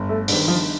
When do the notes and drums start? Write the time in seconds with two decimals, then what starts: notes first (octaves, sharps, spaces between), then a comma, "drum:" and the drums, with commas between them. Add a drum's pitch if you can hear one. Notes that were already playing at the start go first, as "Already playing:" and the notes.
Already playing: G1
0.09 A3
0.28 G2 D#3, drum: open hi-hat
0.48 F3